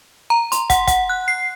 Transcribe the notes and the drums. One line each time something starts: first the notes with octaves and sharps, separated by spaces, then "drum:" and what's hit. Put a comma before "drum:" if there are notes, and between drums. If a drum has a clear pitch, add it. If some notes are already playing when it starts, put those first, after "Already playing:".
A#5
C6, drum: hi-hat
F#5, drum: kick, hi-hat
F#5, drum: kick, hi-hat
F#6
C7